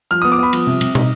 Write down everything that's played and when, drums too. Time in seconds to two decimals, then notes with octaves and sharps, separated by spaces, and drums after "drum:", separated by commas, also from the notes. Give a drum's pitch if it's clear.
0.11 F3 F6
0.22 B3 D#6
0.32 D6
0.38 B3 B5
0.53 F3, drum: cymbal
0.67 C3
0.81 C3, drum: cymbal
0.95 D#4, drum: tom